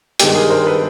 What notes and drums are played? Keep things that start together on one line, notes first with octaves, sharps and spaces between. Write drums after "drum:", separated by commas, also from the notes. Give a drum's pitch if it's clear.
G2 D#3 G#3 B3 G4 A4, drum: hi-hat
G#4 A#4
A#4 C5
A4 B4